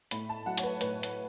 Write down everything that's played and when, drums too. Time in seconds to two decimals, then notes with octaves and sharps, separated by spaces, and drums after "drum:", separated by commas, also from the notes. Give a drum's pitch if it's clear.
0.11 A2 B5, drum: hi-hat
0.29 A5
0.46 F#3 F#5
0.58 C#5, drum: hi-hat
0.63 B4
0.81 A2 B4, drum: hi-hat
1.03 drum: hi-hat